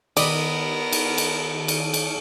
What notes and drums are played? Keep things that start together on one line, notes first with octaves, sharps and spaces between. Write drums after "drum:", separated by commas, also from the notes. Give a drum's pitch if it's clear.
D#3 B3 G4 A#4 D5 D#5 B5, drum: cymbal
drum: cymbal
drum: cymbal
drum: cymbal
drum: cymbal